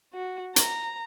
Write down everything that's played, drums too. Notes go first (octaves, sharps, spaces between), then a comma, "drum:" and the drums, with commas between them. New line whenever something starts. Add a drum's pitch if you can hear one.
F#4
A#5, drum: hi-hat